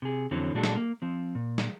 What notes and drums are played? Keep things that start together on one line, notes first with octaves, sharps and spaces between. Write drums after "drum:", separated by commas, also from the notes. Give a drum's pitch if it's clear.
C3 G#4
F2 D3 E3 F#3 C4 C#4
A#2 F#3 G#3 D4 F#4 A4
drum: snare
A#3
F3 C4
A#2
drum: snare